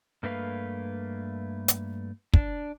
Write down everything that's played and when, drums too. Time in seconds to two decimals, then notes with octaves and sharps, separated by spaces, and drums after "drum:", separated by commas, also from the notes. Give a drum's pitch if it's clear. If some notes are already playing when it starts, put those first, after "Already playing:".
0.23 G2 A3 A#3 B4 F5
1.68 drum: hi-hat
2.34 D4, drum: kick